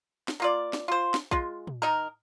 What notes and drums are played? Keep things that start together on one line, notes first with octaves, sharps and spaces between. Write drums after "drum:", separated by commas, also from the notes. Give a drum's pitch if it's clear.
drum: snare
A#3 F4 D5
drum: snare
F4 C5
drum: snare
G#3 F4, drum: kick
drum: tom
D#3 D#4 A#4